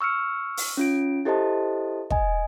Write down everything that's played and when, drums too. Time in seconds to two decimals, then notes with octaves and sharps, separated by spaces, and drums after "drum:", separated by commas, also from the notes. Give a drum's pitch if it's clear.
0.01 C#6 E6 F6 C#7
0.57 drum: open hi-hat
0.77 C#4 F4 D7
1.25 E4 G4 A4 C5 D#5 A5
2.11 D#5 G#5, drum: kick